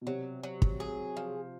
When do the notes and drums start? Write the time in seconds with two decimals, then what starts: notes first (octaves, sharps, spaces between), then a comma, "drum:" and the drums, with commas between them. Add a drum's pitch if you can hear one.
0.01 B2
0.06 C3 F#3
0.43 F#3
0.62 drum: kick
0.80 G#4
1.17 F3